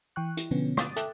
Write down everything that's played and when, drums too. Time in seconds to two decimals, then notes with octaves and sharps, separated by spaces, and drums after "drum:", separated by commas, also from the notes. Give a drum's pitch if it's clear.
0.16 E3 G5 C#6 F#6
0.37 E4, drum: hi-hat
0.51 B2 D3 F3 B3 C#4
0.77 D6 D#6 A6, drum: rim click
0.96 A4 E5 G5 F#6, drum: hi-hat